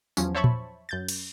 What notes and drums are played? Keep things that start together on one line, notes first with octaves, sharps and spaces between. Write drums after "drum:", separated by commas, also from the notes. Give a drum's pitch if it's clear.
E2 F3 F#3 C#4, drum: tambourine
C5 C#5 E5 A5 B5 C#6
drum: tom A#2
F#2 G6 A6
drum: cymbal